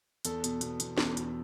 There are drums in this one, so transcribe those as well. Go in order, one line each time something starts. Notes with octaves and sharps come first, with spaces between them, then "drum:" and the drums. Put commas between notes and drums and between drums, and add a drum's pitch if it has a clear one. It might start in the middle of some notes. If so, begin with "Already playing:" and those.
E2 A4, drum: hi-hat
B2, drum: hi-hat
B2, drum: hi-hat
E2, drum: hi-hat
E2, drum: snare
E2, drum: hi-hat